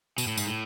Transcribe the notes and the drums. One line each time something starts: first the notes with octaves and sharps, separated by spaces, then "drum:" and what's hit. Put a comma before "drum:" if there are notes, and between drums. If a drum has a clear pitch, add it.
B2, drum: tambourine
A2
G#2, drum: tambourine
A2